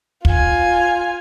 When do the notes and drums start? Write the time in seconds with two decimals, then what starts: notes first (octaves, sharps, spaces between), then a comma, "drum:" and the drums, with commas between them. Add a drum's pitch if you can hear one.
0.25 F4 G#5, drum: kick